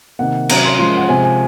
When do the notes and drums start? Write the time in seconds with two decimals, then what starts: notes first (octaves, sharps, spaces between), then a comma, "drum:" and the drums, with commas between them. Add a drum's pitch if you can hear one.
0.19 C3 D#3 A#3 F#5
0.49 C3 F#3 C#4 A#5, drum: cymbal
0.65 C6
0.79 F3 G#3 C#4 C6
0.97 F#5
1.09 C3 F3 G#3 C4 G#5
1.24 G#5